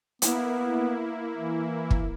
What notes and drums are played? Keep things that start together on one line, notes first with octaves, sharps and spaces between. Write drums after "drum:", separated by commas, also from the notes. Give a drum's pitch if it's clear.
A#3 B3 E4, drum: hi-hat
E3
drum: kick